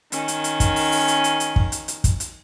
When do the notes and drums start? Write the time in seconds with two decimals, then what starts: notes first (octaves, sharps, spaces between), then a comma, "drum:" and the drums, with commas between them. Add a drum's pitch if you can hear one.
0.12 D#3 C#4, drum: hi-hat
0.28 drum: hi-hat
0.44 drum: hi-hat
0.60 drum: kick, hi-hat
0.76 drum: open hi-hat
0.92 drum: open hi-hat
1.08 drum: hi-hat
1.24 drum: hi-hat
1.40 drum: hi-hat
1.56 drum: kick
1.72 drum: hi-hat
1.88 drum: hi-hat
2.04 drum: kick, hi-hat
2.20 drum: hi-hat